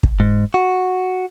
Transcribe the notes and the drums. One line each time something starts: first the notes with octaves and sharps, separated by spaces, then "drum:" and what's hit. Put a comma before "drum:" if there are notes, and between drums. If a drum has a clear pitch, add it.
drum: kick
G#2
F#4